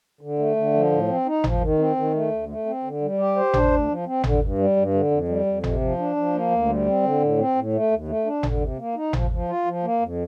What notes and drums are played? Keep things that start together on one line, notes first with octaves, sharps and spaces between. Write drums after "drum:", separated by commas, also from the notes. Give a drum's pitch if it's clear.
D3
A3
D3
F3
A2
C4
D#4
F3, drum: tom G#1
D#3
C4
D#3
A3
D2
A3
C4
D3
G3
G4
C5
D4, drum: tom G#1
D2
F3
C4
D3, drum: tom G#1
G2
G3
G2
D3
F2
G3
F2
C3, drum: tom G#1
F3
D4
F3
A#3
D2
G3
C4
D3
A2
C4
A2
A3
D#2
A3
D4
D3, drum: tom G#1
C3
A#3
D#4
F3, drum: tom G#1
F3
F4
F3
A#3
F2